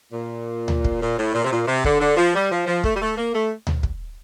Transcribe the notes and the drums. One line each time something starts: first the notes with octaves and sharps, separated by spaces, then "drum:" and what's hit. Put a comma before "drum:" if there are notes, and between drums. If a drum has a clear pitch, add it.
A#2
drum: tom D2
drum: kick
A#2
A2
A#2
C3
A#2
C3
D3, drum: kick
D3
F3
G3
F3
F3
A3, drum: kick
G3
A3
A#3
A3
drum: tom D2
drum: kick